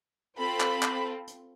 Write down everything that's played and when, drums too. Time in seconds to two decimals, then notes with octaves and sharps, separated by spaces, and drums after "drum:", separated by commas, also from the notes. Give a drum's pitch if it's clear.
0.37 C4 F4 A4 B5
0.60 drum: clap
0.83 drum: clap
1.27 drum: hi-hat